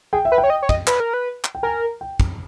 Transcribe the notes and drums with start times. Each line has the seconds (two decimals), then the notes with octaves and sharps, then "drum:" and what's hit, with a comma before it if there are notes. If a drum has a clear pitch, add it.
0.13 G#4 G5
0.25 E5
0.32 B4
0.38 G5
0.43 C#5
0.50 D#5
0.63 C#5
0.69 D#5, drum: kick
0.87 B4, drum: clap
1.00 A#4
1.14 B4
1.44 drum: clap
1.55 G5
1.63 A#4 G#5
2.01 G5
2.20 drum: kick